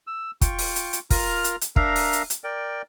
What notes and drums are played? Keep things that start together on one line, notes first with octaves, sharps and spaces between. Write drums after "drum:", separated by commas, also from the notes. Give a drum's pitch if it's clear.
E6
F4 G5 C#6, drum: kick, hi-hat
drum: open hi-hat
drum: hi-hat
drum: hi-hat
F4 A#4 A#5 F6, drum: kick, open hi-hat
drum: hi-hat
drum: hi-hat
D4 A#4 E5 F5 A#5, drum: kick
drum: open hi-hat
drum: hi-hat
drum: hi-hat
A#4 D5 G5